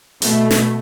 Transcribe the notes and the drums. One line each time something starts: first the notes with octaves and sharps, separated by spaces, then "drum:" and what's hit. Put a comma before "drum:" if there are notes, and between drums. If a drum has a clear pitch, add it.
B2 A3, drum: hi-hat
drum: snare